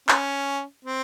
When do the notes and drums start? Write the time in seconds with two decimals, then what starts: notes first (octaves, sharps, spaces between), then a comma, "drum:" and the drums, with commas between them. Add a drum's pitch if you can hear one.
0.09 C#4, drum: clap
0.85 C4